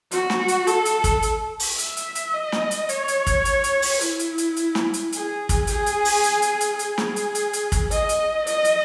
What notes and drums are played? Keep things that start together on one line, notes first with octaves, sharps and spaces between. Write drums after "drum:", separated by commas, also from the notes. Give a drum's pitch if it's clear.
F#4, drum: hi-hat
drum: snare
drum: hi-hat
A4, drum: hi-hat
drum: hi-hat
drum: kick, hi-hat
drum: hi-hat
drum: open hi-hat
E5, drum: hi-hat
drum: hi-hat
drum: hi-hat
D#5
drum: snare
drum: hi-hat
C#5, drum: hi-hat
drum: hi-hat
drum: kick, hi-hat
drum: hi-hat
drum: hi-hat
drum: open hi-hat
E4, drum: hi-hat
drum: hi-hat
drum: hi-hat
drum: hi-hat
drum: snare
drum: hi-hat
G#4, drum: hi-hat
drum: kick, hi-hat
G#4, drum: hi-hat
drum: hi-hat
drum: open hi-hat
drum: hi-hat
drum: hi-hat
drum: hi-hat
G#4, drum: hi-hat
drum: snare
drum: hi-hat
drum: hi-hat
drum: hi-hat
drum: kick, hi-hat
D#5, drum: hi-hat
drum: hi-hat
D#5, drum: hi-hat
drum: hi-hat